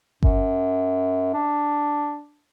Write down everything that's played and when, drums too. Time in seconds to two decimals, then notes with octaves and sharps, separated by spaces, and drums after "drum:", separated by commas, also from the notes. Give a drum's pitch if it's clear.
0.23 F#2, drum: kick G1
1.34 D4